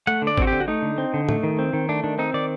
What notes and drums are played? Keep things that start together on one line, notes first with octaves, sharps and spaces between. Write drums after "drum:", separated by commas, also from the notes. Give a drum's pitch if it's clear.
A3 F#5
D3
D5
C4 F#4, drum: kick G#1
D3 G4
F#4
A3 D#4
D3
C4
D3
A3, drum: tom
D#3
C4
D#3
A3 D4
D#3 D4
C4 D#4
D#3 D5